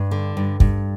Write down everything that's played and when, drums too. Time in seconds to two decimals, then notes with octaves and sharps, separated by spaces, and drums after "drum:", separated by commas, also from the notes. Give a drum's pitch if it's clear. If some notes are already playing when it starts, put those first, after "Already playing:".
Already playing: G2
0.11 D3
0.37 G2
0.60 G2, drum: kick